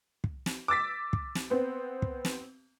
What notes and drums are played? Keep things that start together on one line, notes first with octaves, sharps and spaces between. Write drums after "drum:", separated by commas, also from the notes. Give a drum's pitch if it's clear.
drum: kick
drum: snare
D6 E6 A6 B6
drum: kick
drum: snare
B3 C4
drum: kick
drum: snare